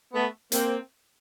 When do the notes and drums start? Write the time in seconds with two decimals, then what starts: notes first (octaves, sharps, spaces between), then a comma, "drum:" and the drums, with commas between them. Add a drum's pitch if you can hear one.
0.13 A3 B3
0.52 A#3 C4, drum: hi-hat